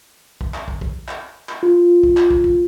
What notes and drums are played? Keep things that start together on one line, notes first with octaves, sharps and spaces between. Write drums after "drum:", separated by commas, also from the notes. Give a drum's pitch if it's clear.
drum: kick
drum: clap
drum: kick
drum: kick
drum: clap
drum: clap
F4
drum: kick
drum: clap
drum: kick
drum: kick